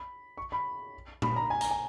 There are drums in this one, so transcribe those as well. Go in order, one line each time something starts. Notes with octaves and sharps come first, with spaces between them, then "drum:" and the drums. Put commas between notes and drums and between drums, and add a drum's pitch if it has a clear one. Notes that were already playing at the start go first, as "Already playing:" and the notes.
Already playing: B5
C#6
B5
B5, drum: tom A#2
A#5
G#5
A#5, drum: hi-hat
G#5